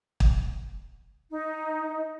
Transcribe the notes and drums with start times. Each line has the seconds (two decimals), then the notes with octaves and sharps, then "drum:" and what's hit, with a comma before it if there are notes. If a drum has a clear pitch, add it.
0.20 drum: kick
1.31 D#4